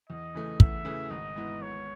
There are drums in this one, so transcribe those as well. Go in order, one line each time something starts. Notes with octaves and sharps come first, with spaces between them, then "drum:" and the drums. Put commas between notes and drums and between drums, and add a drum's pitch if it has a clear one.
E2 D#5
C#3 E3 A3
E2 E5, drum: kick
C#3 E3 A3
G#1 D#5
G#2 E3 B3 E4
G#1 C#5